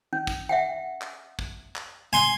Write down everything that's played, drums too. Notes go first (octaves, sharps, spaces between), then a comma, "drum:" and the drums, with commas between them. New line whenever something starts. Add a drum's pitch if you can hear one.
C#4
drum: kick, tambourine
E5 F#5 G5
drum: clap
drum: kick
drum: clap
G#5 C6